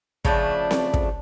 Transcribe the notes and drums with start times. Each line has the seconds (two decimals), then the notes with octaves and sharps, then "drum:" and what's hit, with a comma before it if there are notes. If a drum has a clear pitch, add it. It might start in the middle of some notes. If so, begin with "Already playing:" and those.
0.25 C#3 F3 A3 D4, drum: kick
0.71 drum: snare C4
0.94 drum: kick